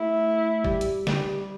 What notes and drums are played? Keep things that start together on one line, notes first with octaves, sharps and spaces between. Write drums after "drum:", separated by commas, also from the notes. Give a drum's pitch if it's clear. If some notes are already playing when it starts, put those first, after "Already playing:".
Already playing: A3 E4
G3, drum: kick G1
drum: hi-hat
G3, drum: snare